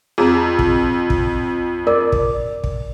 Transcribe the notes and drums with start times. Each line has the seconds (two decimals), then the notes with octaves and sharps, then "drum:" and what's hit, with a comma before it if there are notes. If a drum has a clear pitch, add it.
0.18 F2 G#4 A#5
0.59 drum: kick
1.10 drum: kick
1.87 A#4 D5
2.12 drum: kick
2.64 drum: kick